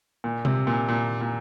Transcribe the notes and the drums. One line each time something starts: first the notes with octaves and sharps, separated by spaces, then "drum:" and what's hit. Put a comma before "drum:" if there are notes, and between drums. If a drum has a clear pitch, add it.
A#2
C3, drum: tom C3
A#2
A#2
A#2